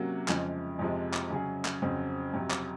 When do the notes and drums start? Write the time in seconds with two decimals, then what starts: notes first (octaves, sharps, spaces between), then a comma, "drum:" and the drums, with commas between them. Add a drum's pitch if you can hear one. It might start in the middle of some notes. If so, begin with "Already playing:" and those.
Already playing: C3 F#3 A#3 C#4 F#4
0.28 F2 C#3 F3 G#3, drum: clap
0.79 F2 C3 F3 G#3
1.14 drum: clap
1.30 C#3 F#3 C#4 G#4
1.65 drum: clap
1.82 F2 C#3 F#3 C4
2.33 F2 C3 F#3
2.51 drum: clap